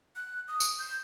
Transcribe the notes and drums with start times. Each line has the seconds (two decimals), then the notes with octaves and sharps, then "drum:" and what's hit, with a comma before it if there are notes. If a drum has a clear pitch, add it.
0.16 F#6
0.48 D#6
0.60 drum: tambourine
0.79 G6